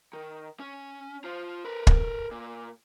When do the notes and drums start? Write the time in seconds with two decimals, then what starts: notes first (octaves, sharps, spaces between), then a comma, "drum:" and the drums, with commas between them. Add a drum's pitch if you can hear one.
0.13 D#3
0.60 C#4
1.24 F4 C5
1.64 A#4 B4
1.87 drum: kick
2.31 A#2